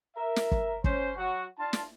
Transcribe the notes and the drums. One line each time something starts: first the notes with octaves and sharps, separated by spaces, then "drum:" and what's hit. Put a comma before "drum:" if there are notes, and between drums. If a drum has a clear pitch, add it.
A#4 E5
drum: snare
drum: kick
C#4 C5, drum: kick
F#3 F#4
D4 F4 A5
drum: snare